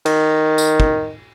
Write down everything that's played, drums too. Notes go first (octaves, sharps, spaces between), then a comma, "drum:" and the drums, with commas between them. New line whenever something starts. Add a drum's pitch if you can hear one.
D#3, drum: cymbal
drum: tambourine
drum: kick